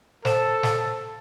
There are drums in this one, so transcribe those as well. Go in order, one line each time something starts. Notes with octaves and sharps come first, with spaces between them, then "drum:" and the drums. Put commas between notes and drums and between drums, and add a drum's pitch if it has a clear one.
A4 C5 E7, drum: snare
drum: snare